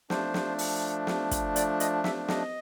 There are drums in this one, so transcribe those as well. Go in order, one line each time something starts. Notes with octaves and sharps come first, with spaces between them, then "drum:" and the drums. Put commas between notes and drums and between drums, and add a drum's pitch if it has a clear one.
F3 A3 D4 C5, drum: snare
drum: snare
drum: open hi-hat
drum: snare
drum: kick, hi-hat
D5, drum: hi-hat
D#5, drum: hi-hat
E5, drum: snare
D#5, drum: snare